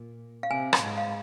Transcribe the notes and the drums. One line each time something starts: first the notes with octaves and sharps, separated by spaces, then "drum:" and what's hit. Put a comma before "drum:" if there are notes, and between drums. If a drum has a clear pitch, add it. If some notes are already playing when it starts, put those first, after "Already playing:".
Already playing: A#2
F5
C3 G#5
drum: rim click
G#2
F5